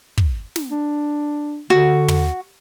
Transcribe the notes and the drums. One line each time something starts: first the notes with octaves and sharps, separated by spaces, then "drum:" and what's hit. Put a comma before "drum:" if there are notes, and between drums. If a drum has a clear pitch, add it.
drum: kick
drum: snare
D4
D3 F#4
drum: tom